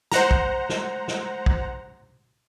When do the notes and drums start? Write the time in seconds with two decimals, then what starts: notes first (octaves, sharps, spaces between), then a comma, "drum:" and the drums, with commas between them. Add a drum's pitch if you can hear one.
0.12 C5 F#5 A#5, drum: snare
0.31 drum: kick
0.69 drum: snare
1.08 drum: snare
1.46 drum: kick